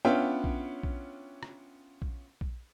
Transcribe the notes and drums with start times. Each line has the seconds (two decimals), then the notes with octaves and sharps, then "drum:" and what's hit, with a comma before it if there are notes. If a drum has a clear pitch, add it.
0.05 B3 C#4 D4 F4 E5 G5
0.44 drum: kick A#1
0.83 drum: kick A#1
1.43 drum: rim click
2.02 drum: kick A#1
2.41 drum: kick A#1